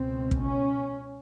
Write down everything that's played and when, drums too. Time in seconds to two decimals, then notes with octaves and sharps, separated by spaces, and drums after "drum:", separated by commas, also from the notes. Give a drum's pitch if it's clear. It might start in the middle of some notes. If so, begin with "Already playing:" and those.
Already playing: C#2 B2 C4
0.31 drum: kick
0.43 C#4